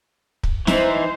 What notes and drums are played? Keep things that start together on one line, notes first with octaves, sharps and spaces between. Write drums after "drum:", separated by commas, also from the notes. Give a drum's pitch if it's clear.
drum: kick
E3 D#4 C5, drum: snare